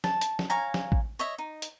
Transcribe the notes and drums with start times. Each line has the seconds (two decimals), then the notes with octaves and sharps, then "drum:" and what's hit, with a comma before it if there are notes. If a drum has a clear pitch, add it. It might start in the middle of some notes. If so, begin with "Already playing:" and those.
0.04 A5, drum: snare
0.21 drum: hi-hat
0.39 drum: snare
0.50 C#5 F5 G#5 A#5
0.74 drum: snare
0.92 drum: kick A1
1.19 C#5 D#5 E5
1.38 D#4
1.62 drum: hi-hat